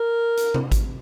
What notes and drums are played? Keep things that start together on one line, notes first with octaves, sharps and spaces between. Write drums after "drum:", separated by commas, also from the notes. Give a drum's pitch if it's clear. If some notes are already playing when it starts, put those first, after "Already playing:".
Already playing: A#4
drum: hi-hat
drum: tom C3
drum: kick G#1, hi-hat